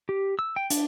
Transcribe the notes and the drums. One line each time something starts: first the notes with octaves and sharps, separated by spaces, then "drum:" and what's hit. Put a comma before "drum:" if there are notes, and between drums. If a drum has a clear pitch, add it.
G4
E6
G5
D4, drum: hi-hat